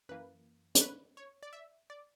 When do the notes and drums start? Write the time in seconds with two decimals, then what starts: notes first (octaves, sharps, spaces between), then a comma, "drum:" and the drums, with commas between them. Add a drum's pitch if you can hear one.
0.09 F#2 E3 A#3 B4
0.75 C#5, drum: hi-hat
0.81 B4
1.17 C#5
1.43 D5
1.53 E5
1.90 D5